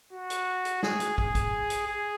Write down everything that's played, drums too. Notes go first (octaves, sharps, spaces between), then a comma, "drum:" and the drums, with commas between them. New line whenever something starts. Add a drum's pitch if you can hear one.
F#4
drum: hi-hat
drum: hi-hat
G#4, drum: snare
drum: hi-hat
G#4, drum: kick
drum: kick, hi-hat
drum: hi-hat
G#4